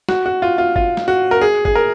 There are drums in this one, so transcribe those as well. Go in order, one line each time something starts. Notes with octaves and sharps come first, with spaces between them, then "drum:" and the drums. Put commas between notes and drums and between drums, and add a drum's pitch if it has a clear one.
F#4, drum: snare
F#4
F4
F4
F4, drum: kick
drum: snare
F#4
A#4
G#4
G#4, drum: kick
A#4